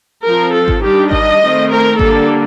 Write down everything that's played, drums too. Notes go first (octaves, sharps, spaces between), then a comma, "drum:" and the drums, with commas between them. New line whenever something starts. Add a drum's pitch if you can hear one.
F3 C4 A#4
A4
drum: kick G#1
D#3 G3 D4 G4
D#5, drum: kick G#1
D#3 A3 C4
A#4
D3 G3 A#3 D4 A4, drum: kick G#1